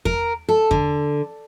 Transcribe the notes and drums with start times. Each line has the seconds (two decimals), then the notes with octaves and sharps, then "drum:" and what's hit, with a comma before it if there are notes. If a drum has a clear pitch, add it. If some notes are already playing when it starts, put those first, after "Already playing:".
0.05 A#4, drum: kick E2
0.49 A4
0.71 D3, drum: kick E2